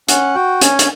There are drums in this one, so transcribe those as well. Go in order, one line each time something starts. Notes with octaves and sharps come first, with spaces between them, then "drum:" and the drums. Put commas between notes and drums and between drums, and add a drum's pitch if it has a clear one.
C#4 F#5, drum: hi-hat
F#4 G5
C#4 G#5, drum: hi-hat
drum: hi-hat